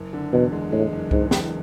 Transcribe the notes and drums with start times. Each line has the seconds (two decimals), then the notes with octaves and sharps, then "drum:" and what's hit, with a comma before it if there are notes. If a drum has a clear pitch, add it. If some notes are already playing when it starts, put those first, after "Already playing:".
Already playing: F#1
0.13 D3
0.33 E2 B2
0.52 G#3
0.72 A2 G#3
0.92 F#1
1.11 E2 G#2, drum: kick C2
1.31 E2, drum: snare